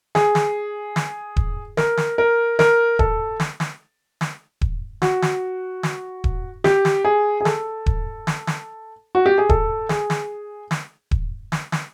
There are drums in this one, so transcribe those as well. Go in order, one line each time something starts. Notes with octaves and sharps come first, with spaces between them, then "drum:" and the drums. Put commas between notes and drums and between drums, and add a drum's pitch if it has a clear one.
G#4, drum: snare
drum: snare
drum: snare
drum: kick D#1
A#4, drum: snare
drum: snare
A#4
A#4, drum: snare
A4, drum: kick D#1
drum: snare
drum: snare
drum: snare
drum: kick D#1
F#4, drum: snare
drum: snare
drum: snare
drum: kick D#1
G4, drum: snare
drum: snare
G#4
G#4
A4, drum: snare
drum: kick D#1
drum: snare
drum: snare
F#4
G4
G#4
A4, drum: kick D#1
G#4, drum: snare
drum: snare
drum: snare
drum: kick D#1
drum: snare
drum: snare